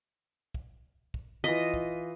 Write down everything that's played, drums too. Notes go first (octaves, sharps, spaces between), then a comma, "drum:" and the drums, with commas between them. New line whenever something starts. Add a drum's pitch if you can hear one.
drum: kick
drum: kick
E3 F4 D#5 B6
drum: kick